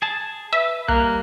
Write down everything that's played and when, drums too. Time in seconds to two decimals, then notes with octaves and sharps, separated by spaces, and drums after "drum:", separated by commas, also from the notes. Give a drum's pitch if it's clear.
0.02 G#4 A5
0.53 B4 E5
0.89 G3 A#3 F#6, drum: kick